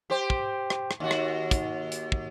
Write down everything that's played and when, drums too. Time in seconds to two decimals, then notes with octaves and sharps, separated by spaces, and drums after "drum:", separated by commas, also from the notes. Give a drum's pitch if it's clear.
0.10 G4 C5
0.30 drum: kick
0.70 drum: rim click
0.91 drum: rim click
1.00 D#2 F#4
1.11 drum: rim click
1.51 drum: kick, hi-hat
1.92 drum: hi-hat
2.12 drum: kick